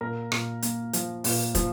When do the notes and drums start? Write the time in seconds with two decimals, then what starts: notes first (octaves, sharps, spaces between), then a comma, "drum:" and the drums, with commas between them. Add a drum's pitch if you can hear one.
0.01 A#2 A#4
0.32 A#2, drum: rim click
0.62 A#3, drum: hi-hat
0.93 F3, drum: hi-hat
1.24 A#2, drum: open hi-hat
1.55 F3, drum: kick, hi-hat